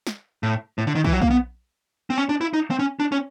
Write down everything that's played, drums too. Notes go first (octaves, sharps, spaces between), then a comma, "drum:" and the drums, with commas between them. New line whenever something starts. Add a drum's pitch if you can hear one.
drum: snare
A2
A2
D3
D#3
E3, drum: kick
F#3
A#3, drum: kick
B3
C4
C#4
D4
E4
D#4
C4
C#4
D4
C#4